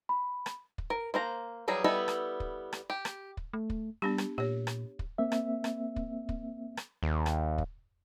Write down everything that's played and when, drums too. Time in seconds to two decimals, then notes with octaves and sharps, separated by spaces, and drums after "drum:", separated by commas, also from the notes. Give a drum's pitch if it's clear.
0.09 B5
0.46 drum: rim click
0.78 drum: kick
0.90 A#4
1.14 A#3 C5 A#5
1.68 E3 F#3 G3 G#4 A#5
1.84 G3 B3 E4 A4 D#5
2.08 drum: rim click
2.40 drum: kick
2.73 drum: rim click
2.90 G4
3.05 drum: rim click
3.37 drum: kick
3.53 A3
3.70 drum: kick
4.02 G3 B3 D4 G4
4.18 drum: rim click
4.38 A#2 G4 C#5
4.67 drum: rim click
4.99 drum: kick
5.18 A#3 C4 E5
5.32 drum: rim click
5.64 drum: rim click
5.96 drum: kick
6.29 drum: kick
6.77 drum: rim click
7.03 D#2
7.26 drum: rim click
7.58 drum: kick